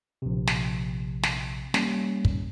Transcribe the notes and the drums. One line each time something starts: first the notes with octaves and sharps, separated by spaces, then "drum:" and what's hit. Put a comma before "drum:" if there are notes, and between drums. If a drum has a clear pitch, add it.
A#1 C3
drum: snare
drum: snare
G3 A#3 C#4, drum: snare
drum: kick